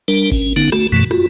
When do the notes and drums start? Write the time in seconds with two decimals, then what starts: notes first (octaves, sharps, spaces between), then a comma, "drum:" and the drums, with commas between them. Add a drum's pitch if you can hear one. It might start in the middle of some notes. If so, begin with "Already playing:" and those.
0.08 G3 D4 A#4
0.32 C#4, drum: kick G#1, cymbal
0.56 D3 B3 D#4
0.72 A3 F#4, drum: rim click
0.92 F#2 B2 E3 A3
1.11 F4 F#4, drum: rim click